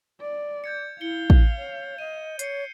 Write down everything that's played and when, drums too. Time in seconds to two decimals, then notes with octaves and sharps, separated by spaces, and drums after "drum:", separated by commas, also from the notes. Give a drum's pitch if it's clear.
0.21 D5
0.64 G6 G#6 C#7
1.01 E4 F5 C#7 G7
1.30 drum: kick
1.58 C#5
1.98 D#5 D#7
2.39 C#5 C7 C#7, drum: hi-hat